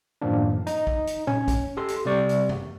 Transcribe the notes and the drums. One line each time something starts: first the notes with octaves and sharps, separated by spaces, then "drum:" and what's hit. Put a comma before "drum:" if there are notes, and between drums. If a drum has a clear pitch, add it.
F#2 A2 D#3 F3 A#3 D4
D#4, drum: hi-hat
drum: kick
drum: hi-hat
C#4, drum: tom A#2
drum: kick, hi-hat
G4 A4 C6
drum: hi-hat
C3 G3 D5 C#6
drum: hi-hat
drum: tom F#2